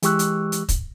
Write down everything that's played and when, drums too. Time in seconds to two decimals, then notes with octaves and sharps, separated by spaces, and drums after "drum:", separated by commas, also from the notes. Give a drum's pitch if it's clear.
0.03 E3 G#3 G4 C#6 E6 F#6, drum: hi-hat
0.19 drum: hi-hat
0.52 drum: hi-hat
0.69 drum: kick, hi-hat